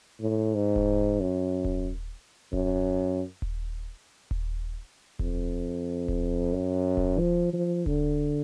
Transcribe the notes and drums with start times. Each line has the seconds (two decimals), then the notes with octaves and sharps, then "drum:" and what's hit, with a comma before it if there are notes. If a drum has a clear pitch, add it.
0.20 A2
0.54 G#2
0.76 drum: kick D#1
1.20 F#2
1.65 drum: kick D#1
2.53 F#2, drum: kick D#1
3.42 drum: kick D#1
4.31 drum: kick D#1
5.19 F2, drum: kick D#1
6.08 drum: kick D#1
6.53 F#2
6.97 drum: kick D#1
7.19 F3
7.53 F3
7.86 D3, drum: kick D#1